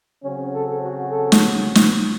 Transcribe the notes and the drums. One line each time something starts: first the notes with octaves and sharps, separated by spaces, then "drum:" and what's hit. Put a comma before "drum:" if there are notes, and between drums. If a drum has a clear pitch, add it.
C#3 F#3 C4 C#4
A4
F#4
A4
drum: snare
drum: snare